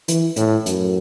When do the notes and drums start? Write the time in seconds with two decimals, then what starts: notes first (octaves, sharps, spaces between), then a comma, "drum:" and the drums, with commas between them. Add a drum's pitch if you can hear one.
0.08 E3, drum: hi-hat
0.36 A2, drum: hi-hat
0.66 F#2, drum: hi-hat